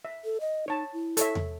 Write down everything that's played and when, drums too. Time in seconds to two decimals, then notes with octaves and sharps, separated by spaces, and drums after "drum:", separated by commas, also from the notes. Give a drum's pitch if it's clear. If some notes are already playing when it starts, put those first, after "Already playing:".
0.05 E5
0.24 A4
0.41 D#5
0.68 D#4 C#5 A5
0.93 E4
1.17 A4 C#5 E5, drum: hi-hat
1.35 drum: tom E2